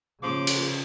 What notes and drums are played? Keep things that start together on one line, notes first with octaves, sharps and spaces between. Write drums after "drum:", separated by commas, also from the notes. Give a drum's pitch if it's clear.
C#3 F3 D6
drum: cymbal